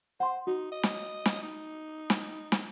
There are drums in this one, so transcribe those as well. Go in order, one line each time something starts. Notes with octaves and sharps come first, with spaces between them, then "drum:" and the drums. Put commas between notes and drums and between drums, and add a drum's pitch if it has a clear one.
C5 F#5 C6
D#4 F#4
D#5
drum: snare
drum: snare
D#4
drum: snare
drum: snare